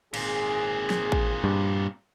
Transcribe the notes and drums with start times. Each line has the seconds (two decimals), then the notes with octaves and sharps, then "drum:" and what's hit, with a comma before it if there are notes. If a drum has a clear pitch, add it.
0.14 G#1 A#2 C4 G#4, drum: cymbal
0.90 drum: snare
1.12 drum: kick A1
1.44 G2